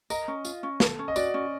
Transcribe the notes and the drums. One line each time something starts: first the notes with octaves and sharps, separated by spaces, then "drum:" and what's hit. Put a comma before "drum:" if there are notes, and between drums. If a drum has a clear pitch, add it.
A#4 D#5, drum: tambourine
C#4
F4, drum: tambourine
C#4
A4, drum: snare
C#4
D#5
F#4 D5, drum: tambourine
C#4